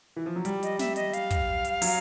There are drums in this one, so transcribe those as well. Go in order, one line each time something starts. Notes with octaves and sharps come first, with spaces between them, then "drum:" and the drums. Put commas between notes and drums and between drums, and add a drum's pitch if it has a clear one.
E3
F3
F#3
G3, drum: hi-hat
D#5, drum: hi-hat
E5, drum: snare
D#5, drum: hi-hat
F5, drum: hi-hat
drum: kick, hi-hat
drum: hi-hat
F#3, drum: open hi-hat